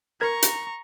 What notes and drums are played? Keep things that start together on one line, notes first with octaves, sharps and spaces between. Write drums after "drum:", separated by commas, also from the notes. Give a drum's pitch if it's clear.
A#4 A#5 C#6 G#6
drum: hi-hat